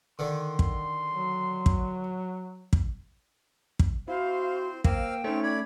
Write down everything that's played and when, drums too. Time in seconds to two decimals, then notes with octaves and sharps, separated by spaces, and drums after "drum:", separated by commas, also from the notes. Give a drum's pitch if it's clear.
0.19 D3 D#3 C6
0.59 drum: kick
1.12 F#3
1.66 drum: kick
2.73 drum: kick
3.79 drum: kick
4.08 C4 E4 F#4 C5 F5
4.84 A#3 C5 F5 G5 E6, drum: kick
5.24 A3 C4 C#4 D#4 C#5
5.43 D5 B5 G#6